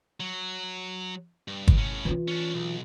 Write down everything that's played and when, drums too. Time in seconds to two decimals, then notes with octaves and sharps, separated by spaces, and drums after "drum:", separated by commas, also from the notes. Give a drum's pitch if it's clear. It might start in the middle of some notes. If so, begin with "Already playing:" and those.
0.20 F#3
1.48 G2
1.68 drum: kick G1
1.77 A2 C#4
2.05 E3 F4
2.28 C#4 D4
2.54 B1